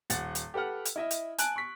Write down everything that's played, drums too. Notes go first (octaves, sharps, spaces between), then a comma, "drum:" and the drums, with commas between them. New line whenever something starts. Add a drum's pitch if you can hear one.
D#1 F#5 A6, drum: hi-hat
drum: hi-hat
G4 A4 B4 F#5 F6
drum: hi-hat
E4 D#5 E5
drum: hi-hat
G#5 A5 F#6 D7, drum: hi-hat
C#6 B6